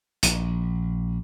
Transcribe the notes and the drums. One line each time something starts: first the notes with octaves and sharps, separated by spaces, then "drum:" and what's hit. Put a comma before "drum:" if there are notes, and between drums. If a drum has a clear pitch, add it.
A#1, drum: hi-hat